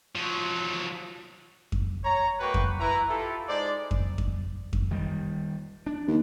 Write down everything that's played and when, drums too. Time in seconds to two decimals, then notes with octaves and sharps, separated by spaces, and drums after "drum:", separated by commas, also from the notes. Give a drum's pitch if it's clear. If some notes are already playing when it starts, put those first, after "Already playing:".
0.16 F3 F#3
1.72 drum: kick F2
2.04 C#5 A#5
2.40 G#3 A#3 F#4 B4 G5 C#6
2.54 drum: kick F2
2.79 E4 B4 A#5
3.09 E4 F4 G4 A4
3.48 G#3 D#4 C5 D5
3.91 drum: kick F2
4.18 drum: kick F2
4.73 drum: kick F2
4.91 D#3 G3
5.87 D4
6.08 D#2